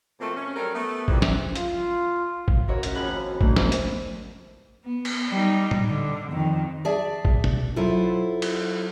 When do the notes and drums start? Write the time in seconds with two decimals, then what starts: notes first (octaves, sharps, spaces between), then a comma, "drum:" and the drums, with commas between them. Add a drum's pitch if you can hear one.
0.21 B2 F3 A3 A#3 C4
0.37 C#4
0.56 F#3 G3 A3 A4 A#4
0.75 A3 B3
1.08 G#2 C3 E3 F3 G3 E4, drum: kick
1.22 drum: snare
1.56 F4, drum: hi-hat
2.48 drum: kick
2.68 E4 F#4 A#4 C#5 D#5 D6
2.83 C#4 F#4, drum: hi-hat
2.95 D#2 D#3 F3 G#4 B5 F#6
3.07 C4
3.41 E3 A3 A#3 D4 D#4, drum: kick
3.56 G#2 B3 D#4 A#4 C5, drum: snare
3.72 drum: hi-hat
4.85 B3
5.05 drum: cymbal
5.29 G3 D#4
5.71 drum: tom
5.89 D3
6.32 F2 D#3
6.85 G#4 D5 E5 A5
7.25 drum: kick
7.44 drum: tom
7.76 F#3 E4 F4 A4 C5
8.42 drum: cymbal